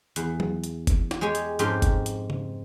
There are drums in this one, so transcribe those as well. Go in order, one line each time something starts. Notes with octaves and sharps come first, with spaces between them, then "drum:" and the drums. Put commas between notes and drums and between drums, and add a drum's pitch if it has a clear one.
E2, drum: hi-hat
drum: tom F#3
drum: hi-hat
drum: kick F#1, hi-hat
drum: snare
G#3 G4 C#5 G#5
drum: hi-hat
F2 G#2 C#4 G4 A#4 C6, drum: hi-hat
drum: kick F#1, hi-hat
drum: hi-hat
drum: tom C#3